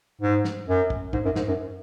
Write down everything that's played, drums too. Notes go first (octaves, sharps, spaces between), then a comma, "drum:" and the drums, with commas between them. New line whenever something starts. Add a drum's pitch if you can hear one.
G#2
drum: snare
F#2
drum: kick
G#2, drum: kick
F#2
G#2, drum: snare
F#2